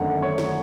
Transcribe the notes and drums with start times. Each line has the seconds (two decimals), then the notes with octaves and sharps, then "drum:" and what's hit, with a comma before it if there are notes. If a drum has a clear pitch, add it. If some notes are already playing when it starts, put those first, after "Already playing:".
Already playing: G#1 F#2 D3 A3 D4 F#5
0.22 C#5
0.38 drum: snare